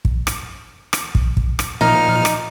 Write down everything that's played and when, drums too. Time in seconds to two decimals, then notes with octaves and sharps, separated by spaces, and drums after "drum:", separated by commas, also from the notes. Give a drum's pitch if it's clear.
0.05 drum: kick
0.27 drum: rim click
0.93 drum: rim click
1.15 drum: kick
1.37 drum: kick
1.59 drum: rim click
1.81 A#2 F3 D#4 F6
2.25 drum: rim click